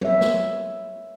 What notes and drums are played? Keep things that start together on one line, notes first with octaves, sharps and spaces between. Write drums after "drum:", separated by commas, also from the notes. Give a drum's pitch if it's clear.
B4 C#5 E5, drum: tom F#3
drum: snare